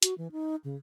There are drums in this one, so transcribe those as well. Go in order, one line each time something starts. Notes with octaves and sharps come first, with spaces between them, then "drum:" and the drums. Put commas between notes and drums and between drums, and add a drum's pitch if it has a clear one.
F#4, drum: hi-hat
E3
D#4
C#3